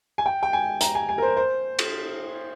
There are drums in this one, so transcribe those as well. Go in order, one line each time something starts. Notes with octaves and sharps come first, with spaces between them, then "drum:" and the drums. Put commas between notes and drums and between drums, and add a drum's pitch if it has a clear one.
G#5
G5
G5
G#5
A#5, drum: hi-hat
G#5
G#5
A#4
C5
C5
drum: cymbal